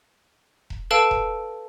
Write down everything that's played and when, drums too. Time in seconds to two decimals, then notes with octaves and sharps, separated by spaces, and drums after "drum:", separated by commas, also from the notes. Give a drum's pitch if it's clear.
0.70 drum: kick E1
0.91 A4 B4 F5 A5 E6 D7
1.11 drum: kick E1